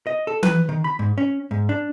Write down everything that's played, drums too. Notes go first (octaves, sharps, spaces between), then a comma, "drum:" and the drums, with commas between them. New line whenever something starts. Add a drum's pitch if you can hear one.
D#5
A4
B4, drum: tom E3
D#3
B5
G#2
C#4
G#2
D4